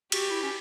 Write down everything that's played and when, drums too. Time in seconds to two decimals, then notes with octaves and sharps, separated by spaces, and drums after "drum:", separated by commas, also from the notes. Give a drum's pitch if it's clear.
0.12 F#4 G4, drum: cymbal
0.31 E4
0.43 C#4